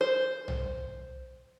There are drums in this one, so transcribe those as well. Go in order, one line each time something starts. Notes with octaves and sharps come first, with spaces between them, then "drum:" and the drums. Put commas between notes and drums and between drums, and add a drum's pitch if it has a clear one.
C5
drum: tom B1